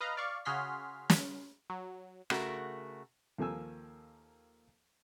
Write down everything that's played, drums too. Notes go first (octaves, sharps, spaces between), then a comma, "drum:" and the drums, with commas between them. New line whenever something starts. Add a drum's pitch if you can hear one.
B4 D#5 F5 A#5
D5 F5 C#6
C#3 F#4 G#4 C6 F6 B6
drum: snare
F#3
C#3 A3 F#4 A#4, drum: rim click
D#2 F3 A#3 A4 G#5 E6